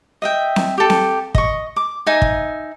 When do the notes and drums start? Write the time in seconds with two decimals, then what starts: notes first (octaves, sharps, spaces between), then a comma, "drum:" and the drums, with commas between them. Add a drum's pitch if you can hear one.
0.22 D#5 E5 G5
0.56 drum: snare C4
0.78 G4 A4
0.90 drum: snare C4
1.35 D#5 C#6, drum: kick
1.76 D6
2.06 D#4 E5 G#5
2.22 drum: kick